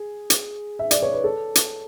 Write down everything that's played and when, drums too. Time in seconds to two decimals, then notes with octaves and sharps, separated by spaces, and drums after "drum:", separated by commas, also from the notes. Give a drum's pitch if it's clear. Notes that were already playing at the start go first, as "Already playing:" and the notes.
Already playing: G#4
0.30 drum: hi-hat
0.79 E5
0.91 D5, drum: hi-hat
1.02 C#5
1.13 B4
1.24 A4
1.55 drum: hi-hat